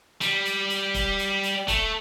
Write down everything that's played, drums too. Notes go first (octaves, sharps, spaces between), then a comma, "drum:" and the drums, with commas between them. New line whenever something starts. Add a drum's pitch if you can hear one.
G3, drum: hi-hat
drum: hi-hat
drum: hi-hat
drum: kick, hi-hat
drum: hi-hat
drum: hi-hat
A3, drum: kick, hi-hat